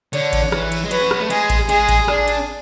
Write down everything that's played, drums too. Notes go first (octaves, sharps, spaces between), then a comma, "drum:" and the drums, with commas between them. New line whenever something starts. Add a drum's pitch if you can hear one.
D3 C#5, drum: cymbal
drum: kick A1, cymbal
E3, drum: rim click
drum: cymbal
G#3
F#3 B4, drum: cymbal
C#4
B3, drum: rim click
A3
G#3 G#4, drum: cymbal
drum: kick A1, cymbal
G#3 G#4, drum: cymbal
drum: kick A1, cymbal
D4, drum: rim click
drum: cymbal